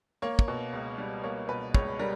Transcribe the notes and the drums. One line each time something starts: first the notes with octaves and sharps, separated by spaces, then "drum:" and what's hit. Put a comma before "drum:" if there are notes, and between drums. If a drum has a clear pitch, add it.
A#3 C#5
drum: kick
B2
C#2
G3
A#3 C#5
B2 B4
C#2 C#5, drum: kick
G3 A#4